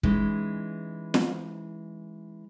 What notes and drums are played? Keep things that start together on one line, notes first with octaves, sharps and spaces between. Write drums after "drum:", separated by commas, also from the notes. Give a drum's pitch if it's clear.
E3 G#3 C#4 D#4, drum: kick
drum: snare